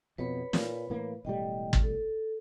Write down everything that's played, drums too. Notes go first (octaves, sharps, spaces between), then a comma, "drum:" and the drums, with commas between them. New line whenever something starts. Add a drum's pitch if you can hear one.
F2 B2 B4 C#5 B5
A#2, drum: snare
A2 E3 A#3
E1 A2 G3 D#5 G5
drum: kick
A4